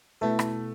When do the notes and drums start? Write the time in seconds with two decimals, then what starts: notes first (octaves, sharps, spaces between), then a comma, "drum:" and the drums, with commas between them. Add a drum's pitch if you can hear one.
0.21 B2 A3 B3 E4 A4
0.39 drum: rim click